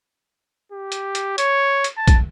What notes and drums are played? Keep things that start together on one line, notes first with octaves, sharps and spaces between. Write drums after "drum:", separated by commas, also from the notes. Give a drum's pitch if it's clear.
G4
drum: hi-hat
drum: hi-hat
C#5, drum: hi-hat
drum: hi-hat
A5
drum: kick, hi-hat